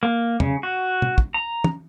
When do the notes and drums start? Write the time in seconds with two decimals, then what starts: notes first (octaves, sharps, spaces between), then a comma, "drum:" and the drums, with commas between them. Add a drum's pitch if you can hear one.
0.03 A#3
0.40 C#3, drum: tom
0.63 F#4
1.02 drum: tom
1.18 drum: kick
1.34 A#5
1.64 drum: tom